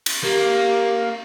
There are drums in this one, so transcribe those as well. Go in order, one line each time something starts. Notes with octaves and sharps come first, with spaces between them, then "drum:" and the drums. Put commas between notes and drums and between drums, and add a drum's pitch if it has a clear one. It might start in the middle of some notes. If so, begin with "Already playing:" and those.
drum: cymbal
A#3 G4